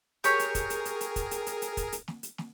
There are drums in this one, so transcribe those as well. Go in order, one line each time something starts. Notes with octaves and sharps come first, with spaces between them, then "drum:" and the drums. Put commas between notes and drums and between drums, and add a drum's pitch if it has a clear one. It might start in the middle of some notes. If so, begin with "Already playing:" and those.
G4 G#4 A#4 C#5, drum: hi-hat
drum: hi-hat
drum: kick, hi-hat
drum: hi-hat
drum: hi-hat
drum: hi-hat
drum: kick, hi-hat
drum: hi-hat
drum: hi-hat
drum: hi-hat
drum: kick, hi-hat
drum: hi-hat
drum: snare
drum: hi-hat
drum: snare